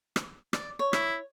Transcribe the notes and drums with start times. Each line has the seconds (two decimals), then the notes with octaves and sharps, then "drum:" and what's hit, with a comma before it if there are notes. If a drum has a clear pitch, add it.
0.16 drum: rim click
0.53 D5, drum: rim click
0.79 C#5
0.93 E4, drum: rim click